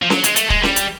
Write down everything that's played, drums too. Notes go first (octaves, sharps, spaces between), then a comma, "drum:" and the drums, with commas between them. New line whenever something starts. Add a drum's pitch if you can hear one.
F3
F#3, drum: snare C#4
G#3, drum: hi-hat
A3, drum: hi-hat
G#3, drum: kick
G3, drum: snare C#4
drum: hi-hat